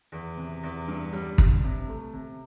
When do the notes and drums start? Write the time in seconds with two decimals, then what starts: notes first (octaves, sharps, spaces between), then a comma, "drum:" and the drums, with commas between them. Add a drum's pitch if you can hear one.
0.12 E2
0.38 C3
0.63 E2
0.88 G2
1.13 G3
1.38 G2, drum: kick
1.64 C3
1.88 A3
2.13 C3